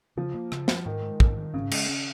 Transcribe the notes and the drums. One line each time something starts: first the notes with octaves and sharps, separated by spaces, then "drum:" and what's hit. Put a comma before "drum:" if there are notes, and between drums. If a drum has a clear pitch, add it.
C#3 F3
A#3
C#3, drum: rim click
F3, drum: snare
G#2 D#3
G#3
G#2, drum: kick
D#3
G#2 C#3
G#3, drum: cymbal
C#4